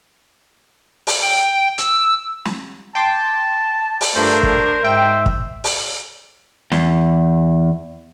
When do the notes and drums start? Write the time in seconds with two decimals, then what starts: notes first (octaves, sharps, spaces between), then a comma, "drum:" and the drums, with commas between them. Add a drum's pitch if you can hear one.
1.07 drum: open hi-hat
1.22 G5
1.78 E6, drum: hi-hat
2.45 drum: snare
2.95 G5 A5 C6 D6
4.01 drum: open hi-hat
4.16 G2 F3 A3 D4 A#4 C5
4.43 drum: kick
4.85 G#2 C5 E5 G5
5.26 drum: kick
5.64 drum: open hi-hat
6.72 E2, drum: snare